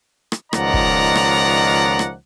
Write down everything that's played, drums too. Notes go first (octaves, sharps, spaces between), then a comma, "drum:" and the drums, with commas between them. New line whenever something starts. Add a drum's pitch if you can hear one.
drum: rim click
C#2 D#3 F3 D5 F#5 A#5, drum: rim click
drum: kick
drum: rim click
drum: rim click